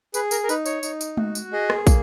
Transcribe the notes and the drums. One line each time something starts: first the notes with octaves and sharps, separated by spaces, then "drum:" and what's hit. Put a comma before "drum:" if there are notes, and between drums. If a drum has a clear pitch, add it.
G#4 B4, drum: tambourine
A#4, drum: tambourine
A#4
D#4 B4, drum: tambourine
C#5, drum: tambourine
D#4, drum: tambourine
drum: tambourine
F#4, drum: tom G#3
drum: tambourine
G#4 D#5
drum: rim click
A#3, drum: kick, tambourine